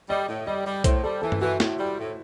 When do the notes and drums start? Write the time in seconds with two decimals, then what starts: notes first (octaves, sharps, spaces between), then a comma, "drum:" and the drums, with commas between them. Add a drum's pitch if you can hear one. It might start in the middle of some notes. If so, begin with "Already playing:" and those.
0.10 G3 D#5
0.28 A2
0.47 G3 D#5
0.66 G3
0.84 A2 C5, drum: kick B1, hi-hat
1.04 G3 A4
1.22 E3 A4
1.32 E4, drum: tom G2
1.41 E3 F#4
1.60 A2 E4, drum: snare
1.79 G3
1.98 A2